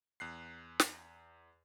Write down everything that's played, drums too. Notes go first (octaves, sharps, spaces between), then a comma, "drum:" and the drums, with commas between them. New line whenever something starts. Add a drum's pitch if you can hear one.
E2 F#6 C7
drum: snare